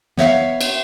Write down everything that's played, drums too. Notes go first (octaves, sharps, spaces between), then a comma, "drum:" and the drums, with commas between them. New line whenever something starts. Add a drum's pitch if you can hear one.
B3 C#5 E5 F5, drum: snare
drum: cymbal